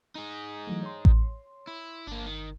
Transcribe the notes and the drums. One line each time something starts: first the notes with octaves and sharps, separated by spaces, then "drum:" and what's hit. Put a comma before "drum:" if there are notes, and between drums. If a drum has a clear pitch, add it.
D#4 G#4
E3 F#3 A3
C#5 C6
drum: kick A1
E4
G1 A#3 D4
D#3